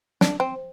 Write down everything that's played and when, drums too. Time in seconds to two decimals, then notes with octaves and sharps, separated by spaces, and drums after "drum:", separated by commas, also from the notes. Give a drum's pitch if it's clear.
0.21 D4, drum: snare
0.40 C4